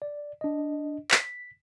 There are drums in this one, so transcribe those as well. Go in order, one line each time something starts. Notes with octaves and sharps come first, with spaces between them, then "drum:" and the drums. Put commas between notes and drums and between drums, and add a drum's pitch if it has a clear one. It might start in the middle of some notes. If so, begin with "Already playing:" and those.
D5
D4 D#5
B6, drum: clap